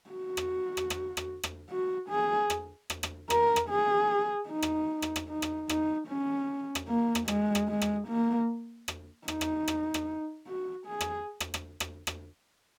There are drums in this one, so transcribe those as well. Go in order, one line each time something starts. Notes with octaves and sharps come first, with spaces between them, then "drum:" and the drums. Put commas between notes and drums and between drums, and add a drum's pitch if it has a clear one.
F#4
drum: rim click
drum: rim click
drum: rim click
drum: rim click
drum: rim click
F#4
G#4
drum: rim click
drum: rim click
drum: rim click
A#4, drum: rim click
drum: rim click
G#4
D#4
drum: rim click
drum: rim click
drum: rim click
D#4
drum: rim click
D#4, drum: rim click
C#4
drum: rim click
A#3
drum: rim click
G#3, drum: rim click
drum: rim click
G#3
drum: rim click
A#3
drum: rim click
D#4, drum: rim click
drum: rim click
drum: rim click
drum: rim click
F#4
G#4
drum: rim click
drum: rim click
drum: rim click
drum: rim click
drum: rim click